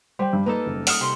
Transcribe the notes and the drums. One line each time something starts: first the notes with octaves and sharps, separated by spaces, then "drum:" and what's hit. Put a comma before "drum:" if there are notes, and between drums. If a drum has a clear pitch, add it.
G3 C5 G5
G2
A#3 D#4 A4 B4
F#1
F#5 D#6 F6 E7, drum: open hi-hat
C3 C6